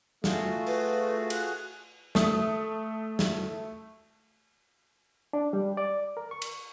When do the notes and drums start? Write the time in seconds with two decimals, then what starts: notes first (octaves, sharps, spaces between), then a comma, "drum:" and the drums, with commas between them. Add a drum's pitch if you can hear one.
0.24 A3 F4 F#4 G#4, drum: snare
0.67 B4, drum: open hi-hat
1.30 F#6, drum: cymbal
2.15 A3 D#6, drum: snare
3.19 drum: snare
5.33 D4
5.53 G3
5.77 D5
6.17 A#4
6.31 C#6
6.42 drum: cymbal